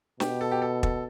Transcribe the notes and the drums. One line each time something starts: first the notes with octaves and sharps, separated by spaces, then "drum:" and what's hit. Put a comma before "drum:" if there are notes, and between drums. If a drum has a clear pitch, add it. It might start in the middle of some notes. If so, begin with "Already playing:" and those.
B2 G4, drum: snare
A4
G4
A4
A4, drum: kick